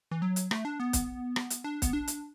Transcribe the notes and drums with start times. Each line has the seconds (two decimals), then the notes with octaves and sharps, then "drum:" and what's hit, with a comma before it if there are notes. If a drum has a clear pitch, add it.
0.11 E3
0.22 F#3
0.36 drum: hi-hat
0.51 A3, drum: rim click
0.65 D4
0.80 B3
0.93 drum: kick, hi-hat
1.36 drum: rim click
1.50 drum: hi-hat
1.64 D4
1.82 B3, drum: kick, hi-hat
1.93 D4
2.08 drum: hi-hat